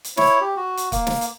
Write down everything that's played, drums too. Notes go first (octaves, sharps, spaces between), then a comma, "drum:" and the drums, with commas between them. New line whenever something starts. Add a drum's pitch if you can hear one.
drum: hi-hat
E4 C#5, drum: snare
G4
F#4
drum: hi-hat
A#3, drum: kick, hi-hat
drum: snare
drum: hi-hat